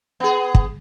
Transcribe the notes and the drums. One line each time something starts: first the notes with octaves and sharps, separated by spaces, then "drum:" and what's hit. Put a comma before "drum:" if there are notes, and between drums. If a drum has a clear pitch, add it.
B3 G#4
drum: kick